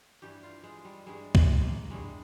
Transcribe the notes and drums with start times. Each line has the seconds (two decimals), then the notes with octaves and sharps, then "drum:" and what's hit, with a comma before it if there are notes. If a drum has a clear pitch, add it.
0.22 G2 E3 G3 G4
0.43 F4
0.64 G#3
0.85 G3
1.06 G2 E3 G3 G#3
1.35 G#3, drum: kick
1.62 A#3
1.90 G2 E3 G3 G#3